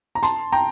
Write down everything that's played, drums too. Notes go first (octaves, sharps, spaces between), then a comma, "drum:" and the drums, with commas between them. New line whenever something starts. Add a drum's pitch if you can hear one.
A#5
A5 C6, drum: hi-hat
G5 A#5